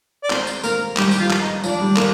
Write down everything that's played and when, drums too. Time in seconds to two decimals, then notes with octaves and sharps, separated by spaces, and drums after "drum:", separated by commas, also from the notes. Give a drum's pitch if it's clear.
0.24 D5
0.30 C4 C5, drum: clap
0.47 drum: tambourine
0.63 A#3 A#4, drum: tambourine
0.97 G3 G4, drum: clap
1.11 G4, drum: tambourine
1.19 F3 F4
1.30 drum: clap
1.42 D#4
1.64 F3 D4, drum: tambourine
1.81 G3
1.97 A#3, drum: clap